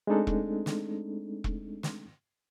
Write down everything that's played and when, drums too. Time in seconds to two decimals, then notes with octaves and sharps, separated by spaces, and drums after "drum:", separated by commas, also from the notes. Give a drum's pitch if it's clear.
0.07 G#3 A3 C4 D4 D#4 A4
0.27 drum: kick E1
0.66 drum: snare
1.44 drum: kick E1
1.83 drum: snare